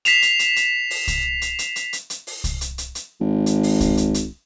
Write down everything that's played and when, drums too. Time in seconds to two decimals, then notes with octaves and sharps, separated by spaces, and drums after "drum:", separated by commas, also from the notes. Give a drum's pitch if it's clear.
0.05 B6 C7 E7 F7, drum: hi-hat
0.22 drum: hi-hat
0.39 drum: hi-hat
0.56 drum: hi-hat
0.90 drum: open hi-hat
1.07 drum: kick C2, hi-hat
1.42 drum: hi-hat
1.59 drum: hi-hat
1.76 drum: hi-hat
1.93 drum: hi-hat
2.10 drum: hi-hat
2.27 drum: open hi-hat
2.44 drum: kick C2, hi-hat
2.61 drum: hi-hat
2.78 drum: hi-hat
2.95 drum: hi-hat
3.21 G#1
3.46 drum: hi-hat
3.63 drum: open hi-hat
3.80 drum: kick C2, hi-hat
3.97 drum: hi-hat
4.14 drum: hi-hat